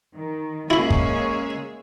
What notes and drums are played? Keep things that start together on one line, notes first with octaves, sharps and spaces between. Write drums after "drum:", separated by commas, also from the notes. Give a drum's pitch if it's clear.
D#3
G#3 A#3 C#4 E4 G#4 C#5 E5 B5
drum: kick